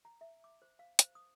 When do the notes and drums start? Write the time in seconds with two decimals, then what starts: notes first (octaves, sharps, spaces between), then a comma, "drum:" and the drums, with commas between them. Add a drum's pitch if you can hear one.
0.05 A#5
0.21 E5
0.44 D6
0.62 C5
0.79 F5
0.99 C5, drum: hi-hat
1.15 D#6